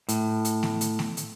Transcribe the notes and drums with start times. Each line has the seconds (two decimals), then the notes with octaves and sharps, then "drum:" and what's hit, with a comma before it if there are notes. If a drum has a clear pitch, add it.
0.09 A2, drum: hi-hat
0.45 drum: hi-hat
0.63 drum: snare A3
0.81 drum: hi-hat
0.99 drum: snare A3
1.17 drum: hi-hat